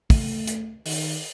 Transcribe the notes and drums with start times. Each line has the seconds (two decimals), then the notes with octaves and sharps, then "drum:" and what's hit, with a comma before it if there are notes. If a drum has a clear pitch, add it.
0.10 A3, drum: kick, open hi-hat
0.47 drum: hi-hat
0.86 D#3, drum: open hi-hat